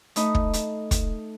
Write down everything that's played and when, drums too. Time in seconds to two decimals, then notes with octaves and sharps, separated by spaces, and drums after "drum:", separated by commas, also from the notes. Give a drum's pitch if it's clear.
0.16 A3 D#4 D#5 B5 D#6, drum: hi-hat
0.35 drum: kick
0.53 drum: hi-hat
0.91 drum: kick, hi-hat